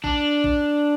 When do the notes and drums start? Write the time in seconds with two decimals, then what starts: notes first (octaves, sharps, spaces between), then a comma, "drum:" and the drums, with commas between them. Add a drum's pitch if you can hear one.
0.04 D4, drum: kick
0.44 drum: kick